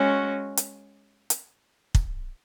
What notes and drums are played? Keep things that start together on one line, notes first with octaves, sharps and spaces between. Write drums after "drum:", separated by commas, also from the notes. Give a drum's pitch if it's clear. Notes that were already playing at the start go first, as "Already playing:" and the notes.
Already playing: G#3 C#4 F#4
drum: hi-hat
drum: hi-hat
drum: kick